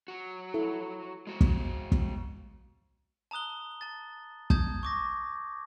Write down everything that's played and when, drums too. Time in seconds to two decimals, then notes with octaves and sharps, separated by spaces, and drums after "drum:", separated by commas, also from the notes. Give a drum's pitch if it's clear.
0.08 F#3 F#4
0.54 E4 A4
1.27 G#3 F#4
1.41 drum: kick
1.92 drum: kick
3.31 A5 A#5 D#6 F#6 G7
3.81 A5 A6
4.50 A5 D#6 G6 G#6, drum: kick
4.83 C#6 D6 A#6